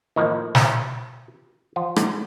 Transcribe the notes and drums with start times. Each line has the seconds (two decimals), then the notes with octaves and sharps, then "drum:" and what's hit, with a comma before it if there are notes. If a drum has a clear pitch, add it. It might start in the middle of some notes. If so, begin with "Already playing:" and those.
0.16 A2 D#3 F3 A#3 D#4
0.55 drum: snare
1.76 F3 F4
1.96 drum: rim click